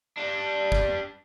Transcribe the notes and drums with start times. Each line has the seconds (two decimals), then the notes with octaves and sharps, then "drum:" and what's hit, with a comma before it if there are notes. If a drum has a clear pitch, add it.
0.18 G3 D4
0.72 drum: kick